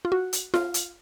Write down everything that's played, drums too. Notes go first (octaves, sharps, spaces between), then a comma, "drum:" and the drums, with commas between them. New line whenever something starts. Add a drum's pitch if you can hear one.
F4
F#4
drum: hi-hat
F4, drum: snare F4
drum: hi-hat